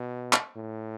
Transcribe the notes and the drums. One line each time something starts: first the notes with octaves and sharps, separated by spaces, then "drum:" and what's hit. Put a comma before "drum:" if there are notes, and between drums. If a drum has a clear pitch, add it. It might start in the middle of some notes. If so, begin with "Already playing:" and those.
Already playing: B2
drum: clap
A2